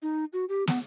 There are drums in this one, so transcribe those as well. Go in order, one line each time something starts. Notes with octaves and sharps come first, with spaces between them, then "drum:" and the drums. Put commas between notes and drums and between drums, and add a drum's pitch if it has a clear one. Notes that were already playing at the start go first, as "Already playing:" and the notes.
D#4
F#4
G4
B3, drum: snare